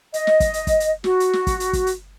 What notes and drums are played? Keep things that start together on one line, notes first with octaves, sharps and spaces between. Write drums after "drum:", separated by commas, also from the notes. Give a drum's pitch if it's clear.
D#5, drum: hi-hat
drum: snare
drum: kick, hi-hat
drum: hi-hat
drum: kick, hi-hat
drum: hi-hat
F#4, drum: snare
drum: hi-hat
drum: snare
drum: kick, hi-hat
drum: hi-hat
drum: kick, hi-hat
drum: hi-hat